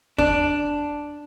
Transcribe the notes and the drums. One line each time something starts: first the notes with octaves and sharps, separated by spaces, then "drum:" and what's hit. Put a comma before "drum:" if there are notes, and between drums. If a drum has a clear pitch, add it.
D4, drum: kick E2